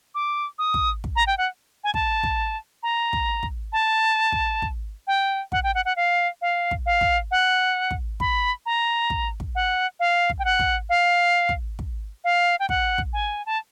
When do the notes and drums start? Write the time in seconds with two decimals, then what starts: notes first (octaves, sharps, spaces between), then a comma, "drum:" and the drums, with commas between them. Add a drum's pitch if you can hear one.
0.15 D6
0.58 D#6
0.74 drum: kick
1.04 drum: kick
1.16 A#5
1.27 G5
1.38 F#5
1.84 G#5
1.94 A5, drum: kick
2.23 drum: kick
2.83 A#5
3.13 drum: kick
3.43 drum: kick
3.72 A5
4.32 drum: kick
4.62 drum: kick
5.07 G5
5.52 F#5, drum: kick
5.63 G5
5.75 F#5
5.85 F#5
5.96 F5
6.41 F5
6.71 drum: kick
6.86 F5
7.01 drum: kick
7.31 F#5
7.91 drum: kick
8.20 B5, drum: kick
8.66 A#5
9.10 drum: kick
9.40 drum: kick
9.55 F#5
10.00 F5
10.29 drum: kick
10.39 G5
10.45 F#5
10.59 drum: kick
10.89 F5
11.49 drum: kick
11.79 drum: kick
12.24 F5
12.59 G5
12.69 F#5, drum: kick
12.98 drum: kick
13.13 G#5
13.46 A5